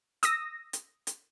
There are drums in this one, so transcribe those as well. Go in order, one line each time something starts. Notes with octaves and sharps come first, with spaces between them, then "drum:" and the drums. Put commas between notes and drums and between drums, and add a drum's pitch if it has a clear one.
D#6 E6 A#6, drum: hi-hat
drum: hi-hat
drum: hi-hat